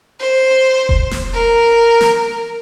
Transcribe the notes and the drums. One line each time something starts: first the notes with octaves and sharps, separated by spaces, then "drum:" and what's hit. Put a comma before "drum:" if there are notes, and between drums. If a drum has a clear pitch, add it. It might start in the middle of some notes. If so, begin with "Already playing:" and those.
C5
drum: kick E1
drum: snare
A#4
drum: snare